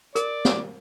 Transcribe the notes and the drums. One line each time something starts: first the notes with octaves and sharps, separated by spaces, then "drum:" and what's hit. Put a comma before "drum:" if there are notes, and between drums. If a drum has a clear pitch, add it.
A#4 D5, drum: hi-hat
drum: snare